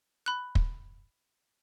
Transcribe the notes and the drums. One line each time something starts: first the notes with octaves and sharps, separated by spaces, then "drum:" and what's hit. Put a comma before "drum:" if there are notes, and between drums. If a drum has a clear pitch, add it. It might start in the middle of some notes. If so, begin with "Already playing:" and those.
B5 F#6
drum: kick